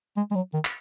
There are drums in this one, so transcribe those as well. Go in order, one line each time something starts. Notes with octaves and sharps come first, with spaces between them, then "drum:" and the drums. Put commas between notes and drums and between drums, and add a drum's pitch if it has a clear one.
G#3
G#3
F#3
D#3
drum: clap